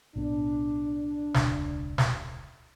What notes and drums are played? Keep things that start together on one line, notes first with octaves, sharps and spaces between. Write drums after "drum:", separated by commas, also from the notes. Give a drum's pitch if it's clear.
B1 A2 B3 D4
E1 C#2, drum: snare
drum: snare